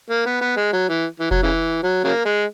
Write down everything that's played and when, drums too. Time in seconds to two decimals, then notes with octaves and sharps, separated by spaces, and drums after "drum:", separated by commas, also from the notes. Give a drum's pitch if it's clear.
0.10 A#3
0.25 B3
0.41 B3
0.57 G#3
0.73 F#3
0.89 E3
1.20 E3
1.31 F#3, drum: kick F1
1.43 C#3 E3
1.83 F#3
2.04 C#3 F#3 A#3
2.25 G#3